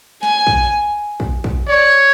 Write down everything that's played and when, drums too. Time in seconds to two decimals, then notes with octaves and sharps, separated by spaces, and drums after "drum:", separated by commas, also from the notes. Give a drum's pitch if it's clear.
0.23 G#5, drum: snare
0.47 drum: kick
1.20 drum: kick
1.44 drum: kick
1.68 C#5 D5